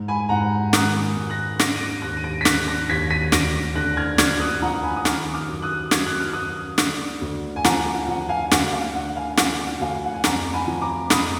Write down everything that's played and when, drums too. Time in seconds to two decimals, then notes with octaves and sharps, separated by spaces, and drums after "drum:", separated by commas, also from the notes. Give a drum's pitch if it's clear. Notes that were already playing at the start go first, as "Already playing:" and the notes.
Already playing: G#2
0.08 G#5 B5
0.29 G#2 F#5 A#5
0.73 D#3 D#6 F#6, drum: snare
1.16 G#2
1.30 F#6 A#6
1.59 D3 A#6 D7, drum: snare
1.74 D#7
1.81 A#6 D7
2.02 D#2 F#6 A#6
2.17 D#7
2.24 A#6 D7
2.41 B6
2.45 D3 F#6 A#6, drum: snare
2.68 F#6 A#6
2.90 D#2 G#6 B6
3.10 B6 D#7
3.32 D2 A#6 D7, drum: snare
3.75 D3 F#6 A#6
3.97 F6 G#6
4.18 D2 F6 G#6, drum: snare
4.40 D#6 F#6
4.62 F3 F#5 A#5
4.83 G#5 B5
4.96 D#6
5.05 D#3 D6 F6, drum: snare
5.34 D6 F6
5.48 F#2
5.62 D#6 F#6
5.91 F#2 G#6, drum: snare
6.06 F#6
6.20 F6
6.33 F#2 D#6 F#6
6.78 D3, drum: snare
7.21 D2
7.56 G#5
7.64 F3 F#5 A#5, drum: snare
8.08 F3 F#5
8.29 F5 G#5
8.51 D2 F#5, drum: snare
8.72 F5
8.94 D3 F#5
9.16 F5 G#5
9.37 F3 F#5, drum: snare
9.80 D2 F5 G#5
10.04 F#5
10.14 G#5
10.24 F2 F#5 A#5, drum: snare
10.53 G#5 B5
10.67 F3
10.81 A#5 D6
11.10 F2 B5 D#6, drum: snare